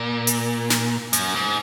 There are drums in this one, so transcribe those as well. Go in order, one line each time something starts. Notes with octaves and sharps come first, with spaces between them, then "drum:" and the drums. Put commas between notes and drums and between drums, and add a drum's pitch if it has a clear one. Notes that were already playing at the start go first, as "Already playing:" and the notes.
Already playing: A#2
drum: hi-hat
drum: snare
F#2, drum: hi-hat
G#2